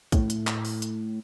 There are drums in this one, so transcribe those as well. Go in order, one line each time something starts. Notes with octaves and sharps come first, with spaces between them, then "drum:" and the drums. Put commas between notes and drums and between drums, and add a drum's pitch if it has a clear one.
A2, drum: kick, hi-hat
drum: hi-hat
drum: clap
drum: open hi-hat
drum: hi-hat